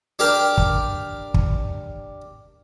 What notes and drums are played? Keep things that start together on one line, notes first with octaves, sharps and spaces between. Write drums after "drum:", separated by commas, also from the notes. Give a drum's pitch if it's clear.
D4 G4 A#4
drum: kick
drum: kick